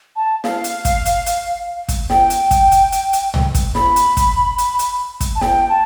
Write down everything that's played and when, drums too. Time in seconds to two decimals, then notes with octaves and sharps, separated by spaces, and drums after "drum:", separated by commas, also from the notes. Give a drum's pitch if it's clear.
0.16 A5
0.44 F5, drum: snare
0.64 drum: hi-hat
0.85 drum: kick, hi-hat
1.06 drum: hi-hat
1.26 drum: hi-hat
1.89 drum: kick, hi-hat
2.10 G5, drum: snare
2.30 drum: hi-hat
2.51 drum: kick, hi-hat
2.71 drum: hi-hat
2.92 drum: hi-hat
3.13 drum: hi-hat
3.34 drum: tom
3.54 drum: kick, hi-hat
3.75 B5, drum: snare
3.96 drum: hi-hat
4.17 drum: kick, hi-hat
4.58 drum: hi-hat
4.79 drum: hi-hat
5.20 drum: kick, hi-hat
5.35 A5
5.41 G5, drum: snare
5.69 A5